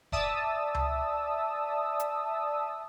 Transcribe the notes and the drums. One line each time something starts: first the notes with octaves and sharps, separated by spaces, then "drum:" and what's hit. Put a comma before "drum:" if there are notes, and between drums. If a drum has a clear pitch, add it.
D5 E5 A5 D#6 E6, drum: kick F1
drum: tom C#2
drum: hi-hat